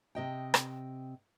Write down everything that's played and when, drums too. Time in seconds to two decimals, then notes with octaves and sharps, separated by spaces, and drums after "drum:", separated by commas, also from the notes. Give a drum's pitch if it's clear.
0.15 C3 D#5 G5
0.54 drum: rim click